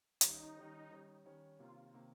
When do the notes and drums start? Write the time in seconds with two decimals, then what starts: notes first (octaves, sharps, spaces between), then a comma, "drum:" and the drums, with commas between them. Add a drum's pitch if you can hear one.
0.21 D#3 G3 C#4 D#4, drum: hi-hat
0.56 D#3 G3 C#4
0.90 D#3 G3 C#4
1.25 D#3 G3 C#4
1.59 C3 D#3 A#3 F4
1.94 C3 D#3 A#3